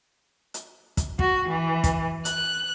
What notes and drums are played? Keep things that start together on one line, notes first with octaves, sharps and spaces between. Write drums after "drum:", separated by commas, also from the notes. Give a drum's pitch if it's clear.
drum: hi-hat
drum: kick, hi-hat
F#4, drum: kick
E3
drum: kick, hi-hat
F#6, drum: hi-hat